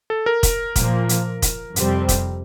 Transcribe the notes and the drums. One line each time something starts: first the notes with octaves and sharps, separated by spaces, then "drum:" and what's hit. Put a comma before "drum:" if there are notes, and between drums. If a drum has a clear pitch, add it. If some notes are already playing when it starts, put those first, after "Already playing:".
A4
A#4
drum: kick, hi-hat
A#2 F3 A#3, drum: kick, hi-hat
drum: hi-hat
drum: kick, hi-hat
F2 C3 G3 C4, drum: hi-hat
drum: kick, hi-hat